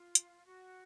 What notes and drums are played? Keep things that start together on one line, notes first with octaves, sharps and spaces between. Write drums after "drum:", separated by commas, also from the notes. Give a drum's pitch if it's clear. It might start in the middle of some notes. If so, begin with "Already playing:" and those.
Already playing: F4
drum: hi-hat
F#4